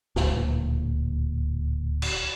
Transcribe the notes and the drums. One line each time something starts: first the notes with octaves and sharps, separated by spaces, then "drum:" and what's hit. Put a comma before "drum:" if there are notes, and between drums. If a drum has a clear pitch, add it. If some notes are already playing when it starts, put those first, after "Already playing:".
D1 C#2 A#2, drum: snare
drum: cymbal